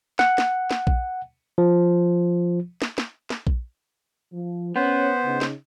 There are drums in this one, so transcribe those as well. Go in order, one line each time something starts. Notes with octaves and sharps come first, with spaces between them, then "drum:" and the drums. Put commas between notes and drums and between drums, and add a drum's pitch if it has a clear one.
F#5, drum: snare
drum: snare
drum: snare
drum: kick A#1
F3
drum: snare
drum: snare
drum: snare
drum: kick A#1
F3
B3 C#4 C5 C#5
C#3 D#4
drum: snare